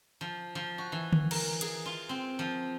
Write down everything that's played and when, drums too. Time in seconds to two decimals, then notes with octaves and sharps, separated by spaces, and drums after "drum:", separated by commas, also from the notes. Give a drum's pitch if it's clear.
0.21 F3
0.55 F3
0.78 F#4
0.92 E3
1.13 drum: tom D3
1.31 A#4, drum: cymbal
1.61 G#4, drum: hi-hat
1.85 F4
2.09 C4
2.39 F3